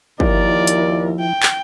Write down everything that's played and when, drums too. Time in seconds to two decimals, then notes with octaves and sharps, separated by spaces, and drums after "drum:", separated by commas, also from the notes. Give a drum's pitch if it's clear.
0.20 D#2 F3 E4 A#4 D5, drum: kick
0.67 drum: hi-hat
1.20 G5
1.43 drum: clap